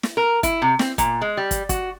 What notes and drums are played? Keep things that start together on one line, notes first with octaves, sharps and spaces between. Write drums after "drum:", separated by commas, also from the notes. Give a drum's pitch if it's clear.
drum: snare
A#4
E4, drum: kick, hi-hat
C3
C4, drum: snare
A#2, drum: kick, hi-hat
G#3
G3
drum: kick, hi-hat
F#4, drum: kick, hi-hat